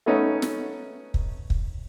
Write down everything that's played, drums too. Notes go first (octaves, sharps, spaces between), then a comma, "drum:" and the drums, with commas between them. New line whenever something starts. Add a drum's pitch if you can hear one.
A3 B3 C#4 D#4
drum: snare
drum: kick
drum: kick